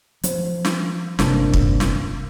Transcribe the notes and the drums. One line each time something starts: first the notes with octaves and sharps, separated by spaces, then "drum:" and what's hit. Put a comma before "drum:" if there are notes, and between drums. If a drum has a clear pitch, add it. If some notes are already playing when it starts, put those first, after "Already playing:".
F3, drum: hi-hat
drum: snare
G1 C3 A#3 D4, drum: snare
drum: kick
drum: snare